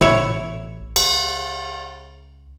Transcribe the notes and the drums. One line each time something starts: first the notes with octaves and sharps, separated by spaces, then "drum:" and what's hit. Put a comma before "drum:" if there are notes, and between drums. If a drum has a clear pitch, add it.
A1 E4 C#5, drum: tom
C#2, drum: cymbal